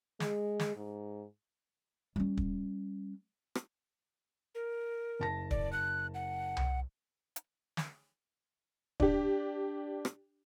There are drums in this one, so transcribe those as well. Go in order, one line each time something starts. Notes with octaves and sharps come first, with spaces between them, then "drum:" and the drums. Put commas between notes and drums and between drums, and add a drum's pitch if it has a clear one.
G#3, drum: snare
drum: snare
G#2
G3 C#4
drum: kick
drum: rim click
A#4
F#1 A5 A#6
D5, drum: kick
F#6
F#5
drum: tom C2
drum: hi-hat
drum: snare
D4 G4, drum: kick
drum: rim click